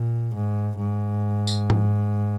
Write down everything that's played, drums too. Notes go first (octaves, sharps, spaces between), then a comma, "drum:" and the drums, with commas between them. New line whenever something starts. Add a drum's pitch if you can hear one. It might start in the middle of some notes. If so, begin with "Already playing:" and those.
Already playing: A#2
G#2
G#2
drum: tambourine
drum: tom G#2